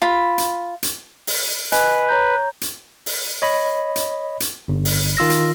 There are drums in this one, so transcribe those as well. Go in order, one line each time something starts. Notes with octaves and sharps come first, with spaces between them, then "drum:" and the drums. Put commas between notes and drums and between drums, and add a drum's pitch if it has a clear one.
F4 B5
drum: hi-hat
drum: hi-hat
drum: open hi-hat
B4 D#5 G#5 F#6, drum: hi-hat
C#5 A#5 G6
drum: hi-hat
drum: open hi-hat
C#5 D#5 B5
drum: hi-hat
drum: hi-hat
G1
drum: open hi-hat
D#3 F4 E6 A#6
drum: hi-hat